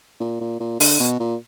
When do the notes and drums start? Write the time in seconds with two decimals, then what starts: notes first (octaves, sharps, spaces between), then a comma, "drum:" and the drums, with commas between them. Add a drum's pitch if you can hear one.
0.20 A#2
0.41 A#2
0.60 A#2
0.80 D3, drum: open hi-hat
1.00 B2
1.20 A#2